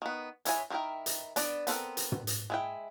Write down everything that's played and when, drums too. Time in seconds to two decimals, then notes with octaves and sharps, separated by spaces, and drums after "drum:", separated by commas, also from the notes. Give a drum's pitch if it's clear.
0.02 D#3 B3
0.45 G#3 E4 C#5 G#5, drum: hi-hat
0.70 D#3 C4 E4 A#4 G5
1.06 drum: hi-hat
1.36 B3 D4 D5, drum: hi-hat
1.67 B3 C4 A4 A#4, drum: hi-hat
1.97 drum: hi-hat
2.12 drum: tom
2.27 drum: hi-hat
2.50 G#3 E4 G5